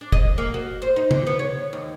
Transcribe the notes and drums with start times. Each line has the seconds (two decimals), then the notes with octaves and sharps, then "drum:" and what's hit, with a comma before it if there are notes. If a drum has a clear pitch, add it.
0.01 D4
0.12 D#5, drum: kick
0.38 A#3
0.54 F#4
0.82 C5
0.96 D#4
1.11 D3, drum: tom
1.27 B3
1.39 C#5
1.73 D#2